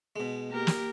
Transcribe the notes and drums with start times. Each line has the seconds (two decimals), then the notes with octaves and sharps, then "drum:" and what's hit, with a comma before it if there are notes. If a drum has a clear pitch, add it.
0.16 B2 G#3
0.48 A#3 G4 A#4
0.67 drum: snare